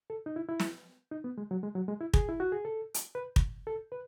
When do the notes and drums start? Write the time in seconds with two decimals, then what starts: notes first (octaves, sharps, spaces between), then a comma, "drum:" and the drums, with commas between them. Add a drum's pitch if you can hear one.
0.10 A4
0.26 D#4
0.36 E4
0.49 E4
0.60 drum: snare
1.12 D#4
1.24 B3
1.38 G#3
1.51 F#3
1.63 G#3
1.75 F#3
1.88 G#3
2.01 E4
2.14 G#4, drum: kick
2.29 E4
2.40 F#4
2.52 G#4
2.65 A4
2.94 drum: hi-hat
3.15 B4
3.36 drum: kick
3.67 A4
3.92 B4